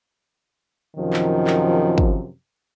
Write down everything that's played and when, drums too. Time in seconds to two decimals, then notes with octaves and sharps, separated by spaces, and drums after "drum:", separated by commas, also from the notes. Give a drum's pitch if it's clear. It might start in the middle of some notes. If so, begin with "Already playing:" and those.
0.96 F#2 C3 D#3 F3
1.13 drum: clap
1.47 drum: clap
1.98 drum: kick